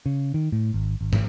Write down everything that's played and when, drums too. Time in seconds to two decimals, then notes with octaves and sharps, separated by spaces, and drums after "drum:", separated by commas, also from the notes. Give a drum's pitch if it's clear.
0.06 C#3
0.34 D#3
0.52 A2
0.74 G#1
1.01 G#1
1.13 drum: tom